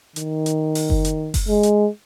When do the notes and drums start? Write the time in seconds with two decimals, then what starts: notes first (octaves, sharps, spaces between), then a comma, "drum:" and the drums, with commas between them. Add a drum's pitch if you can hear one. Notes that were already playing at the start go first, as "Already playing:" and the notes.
0.16 D#3, drum: hi-hat
0.46 drum: hi-hat
0.75 drum: open hi-hat
0.90 drum: kick F#1
1.05 drum: hi-hat
1.34 drum: kick F#1, open hi-hat
1.49 G#3
1.63 drum: hi-hat